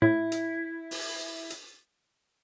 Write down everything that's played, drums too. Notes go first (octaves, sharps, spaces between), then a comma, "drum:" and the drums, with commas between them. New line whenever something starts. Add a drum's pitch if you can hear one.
A2 E4
drum: hi-hat
drum: open hi-hat
drum: hi-hat